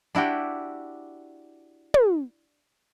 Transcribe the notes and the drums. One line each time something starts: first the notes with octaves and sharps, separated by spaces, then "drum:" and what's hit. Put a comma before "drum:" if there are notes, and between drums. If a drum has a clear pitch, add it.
D4 E4 F#4 G4
drum: tom